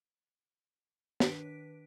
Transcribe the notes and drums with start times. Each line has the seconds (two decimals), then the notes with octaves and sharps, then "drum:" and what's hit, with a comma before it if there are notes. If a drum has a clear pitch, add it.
1.20 D#3 D4 B4 B6 D7, drum: snare